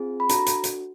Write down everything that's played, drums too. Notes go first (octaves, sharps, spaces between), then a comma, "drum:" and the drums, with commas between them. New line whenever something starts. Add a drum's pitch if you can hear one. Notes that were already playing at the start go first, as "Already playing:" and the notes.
Already playing: C4 F4 G#4
B5
D4 F#4 A4 A#5, drum: hi-hat
drum: hi-hat
drum: hi-hat